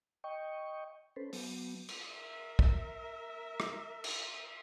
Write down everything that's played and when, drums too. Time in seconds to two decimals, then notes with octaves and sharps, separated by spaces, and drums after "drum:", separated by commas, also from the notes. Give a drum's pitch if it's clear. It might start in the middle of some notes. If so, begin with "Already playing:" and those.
0.24 D#5 G5 C#6
1.16 C#4 A4 B4 C5
1.33 F#3 B3, drum: open hi-hat
1.89 drum: cymbal
2.11 A#4 E5
2.59 drum: kick
3.60 drum: rim click
4.04 drum: cymbal